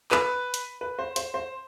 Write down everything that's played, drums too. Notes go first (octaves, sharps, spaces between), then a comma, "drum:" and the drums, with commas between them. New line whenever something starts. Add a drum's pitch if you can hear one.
B4, drum: clap
drum: hi-hat
B4
C5
C5, drum: hi-hat
C5